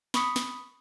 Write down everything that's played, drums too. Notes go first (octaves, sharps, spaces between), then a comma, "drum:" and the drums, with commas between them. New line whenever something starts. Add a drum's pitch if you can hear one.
B5 C#6 D#6 B6 C#7, drum: snare
drum: snare